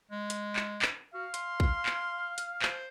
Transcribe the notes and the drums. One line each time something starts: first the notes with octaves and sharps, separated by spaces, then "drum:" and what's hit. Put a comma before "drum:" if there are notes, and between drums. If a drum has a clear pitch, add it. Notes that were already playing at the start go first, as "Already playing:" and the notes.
G#3
drum: hi-hat
drum: clap
drum: clap
F#4 F5
C6, drum: hi-hat
drum: kick
drum: clap
drum: hi-hat
C5, drum: clap